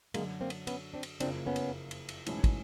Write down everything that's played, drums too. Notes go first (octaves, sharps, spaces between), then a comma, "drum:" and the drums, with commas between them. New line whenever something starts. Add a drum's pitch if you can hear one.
F#2 D3 F#3 G#3 A#3, drum: cymbal
A#3 C4
drum: cymbal
B3 C#4, drum: cymbal
C4 D4
drum: cymbal
F#1 F2 C#3 F3 A#3 C4 D4, drum: cymbal
B3 C#4
drum: cymbal
drum: cymbal
drum: cymbal
B1 A2 E3 G#3 C#4, drum: cymbal
drum: kick, cymbal